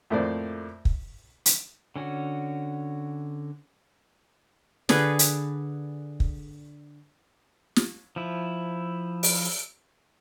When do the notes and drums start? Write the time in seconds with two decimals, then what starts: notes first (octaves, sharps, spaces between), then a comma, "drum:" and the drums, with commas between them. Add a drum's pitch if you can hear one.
0.10 F2 A2 A3 A#3 C5 D5
0.85 drum: kick
1.46 drum: hi-hat
1.96 D3 C#4 F#4
4.89 D3 G#4 B4, drum: snare
5.19 drum: hi-hat
6.20 drum: kick
7.76 drum: snare
8.16 F3 E4
9.23 drum: open hi-hat